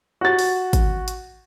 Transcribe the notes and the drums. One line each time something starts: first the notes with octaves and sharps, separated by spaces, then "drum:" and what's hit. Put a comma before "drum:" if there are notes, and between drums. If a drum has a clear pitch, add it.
F#4 A6
drum: open hi-hat
drum: kick G#1, hi-hat
drum: hi-hat